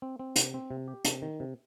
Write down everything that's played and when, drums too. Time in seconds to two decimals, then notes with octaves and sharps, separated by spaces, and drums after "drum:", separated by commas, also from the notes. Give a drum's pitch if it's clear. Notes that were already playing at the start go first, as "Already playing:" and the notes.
0.02 C4
0.19 C4
0.36 C3, drum: hi-hat
0.54 C4
0.71 C3
0.88 G4
1.05 C3, drum: hi-hat
1.22 D#3
1.40 C3